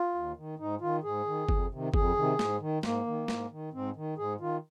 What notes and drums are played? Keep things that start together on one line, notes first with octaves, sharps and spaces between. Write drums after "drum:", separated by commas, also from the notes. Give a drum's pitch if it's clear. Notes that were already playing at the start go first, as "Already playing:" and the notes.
Already playing: F4
D#2
D#3
G#2 D#4
D#3 F4
G#2 G#4
D#3
F2, drum: kick G1
C3 D#3
F2 G#4, drum: kick G1
C3 D#3
G#2, drum: snare
D#3
G#2 A#3, drum: snare
D#3
G#2, drum: snare
D#3
G#2 C4
D#3
G#2 G#4
D#3 F4